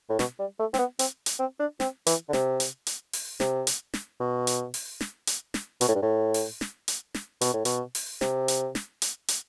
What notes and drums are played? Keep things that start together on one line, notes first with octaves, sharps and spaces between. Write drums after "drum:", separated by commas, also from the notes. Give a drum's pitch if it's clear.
A2
B2, drum: snare
G3
A3
C4, drum: snare
B3
C4, drum: hi-hat
drum: hi-hat
C4
D4
C4, drum: snare
E3, drum: hi-hat
D3
C3, drum: snare
drum: hi-hat
drum: hi-hat
drum: open hi-hat
C3, drum: snare
drum: hi-hat
drum: snare
B2
drum: hi-hat
drum: open hi-hat
drum: snare
drum: hi-hat
drum: snare
B2, drum: hi-hat
A2
G2
A2
drum: open hi-hat
drum: snare
drum: hi-hat
drum: snare
B2, drum: hi-hat
A2
B2, drum: hi-hat
drum: open hi-hat
C3, drum: snare
drum: hi-hat
drum: snare
drum: hi-hat
drum: hi-hat